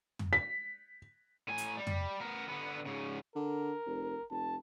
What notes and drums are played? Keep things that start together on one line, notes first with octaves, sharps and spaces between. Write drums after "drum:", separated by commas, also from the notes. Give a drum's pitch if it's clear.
drum: tom
B6
A2 G#5
drum: hi-hat
G3
drum: tom
B3 A#4
D3 B3
G#2 C#3
D3 A#4
F1
F1 A5